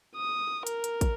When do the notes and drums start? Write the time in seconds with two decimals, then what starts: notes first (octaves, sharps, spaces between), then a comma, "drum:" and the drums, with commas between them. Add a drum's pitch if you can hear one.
0.16 D#6
0.67 A#4, drum: hi-hat
0.84 drum: hi-hat
1.01 drum: kick, hi-hat